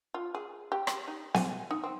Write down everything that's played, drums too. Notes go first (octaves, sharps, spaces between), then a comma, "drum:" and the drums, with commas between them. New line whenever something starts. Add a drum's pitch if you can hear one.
F4
G#4
G4
drum: rim click
D#4
G#5, drum: snare
D#4
C4